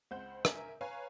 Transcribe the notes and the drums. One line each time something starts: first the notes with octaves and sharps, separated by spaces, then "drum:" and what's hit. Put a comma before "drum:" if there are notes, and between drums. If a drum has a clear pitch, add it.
C#2 C4 C5 F#5 G6
A#4 E5 G#5, drum: rim click
B4 C#5 F5 G#5 A#5